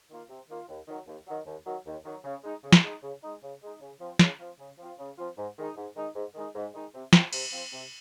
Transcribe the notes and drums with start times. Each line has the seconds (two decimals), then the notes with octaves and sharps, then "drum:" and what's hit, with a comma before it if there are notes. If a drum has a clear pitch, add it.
0.10 D#3 A#3 F4
0.29 C3
0.49 D#3 A#3 F4
0.68 D#2
0.87 D#3 F#3
1.07 D#2
1.27 D#3 F#3
1.46 D#2
1.65 D#3 F#3
1.86 D#2
2.04 D#3 F#3
2.24 C#3
2.44 G#3 D#4
2.63 C#3
2.73 drum: snare
2.83 G#3 D#4
3.02 C#3
3.23 G#3 D#4
3.42 C#3
3.62 G#3 D#4
3.80 C#3
4.00 F3 C4 F4
4.19 C#3, drum: snare
4.39 F3 C4 F4
4.59 C#3
4.78 F3 C4 F4
4.99 C#3
5.17 F3 C4 F4
5.37 G#2
5.57 D#3 G#3 D#4
5.76 G#2
5.95 D#3 G#3 D#4
6.15 G#2
6.34 D#3 G#3 D#4
6.55 G#2
6.74 D#3 G#3 D#4
6.94 C3
7.13 F3 C4, drum: snare
7.33 C3, drum: cymbal
7.52 F3 C4
7.72 C3